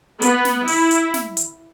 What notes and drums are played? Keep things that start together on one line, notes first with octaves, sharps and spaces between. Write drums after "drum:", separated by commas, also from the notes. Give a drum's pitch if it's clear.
B3, drum: hi-hat
drum: snare
E4, drum: open hi-hat
drum: hi-hat
drum: snare
drum: hi-hat